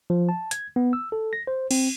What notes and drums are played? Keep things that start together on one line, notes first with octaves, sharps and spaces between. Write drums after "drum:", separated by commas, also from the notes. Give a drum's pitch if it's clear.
F3
A5
G#6, drum: hi-hat
B3
E6
A4
A#6
C5
C4, drum: cymbal